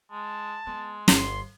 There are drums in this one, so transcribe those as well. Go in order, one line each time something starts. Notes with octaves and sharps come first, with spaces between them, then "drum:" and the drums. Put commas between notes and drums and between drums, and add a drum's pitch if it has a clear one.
G#3 A5
G#3 B3
G1 G2 C6, drum: snare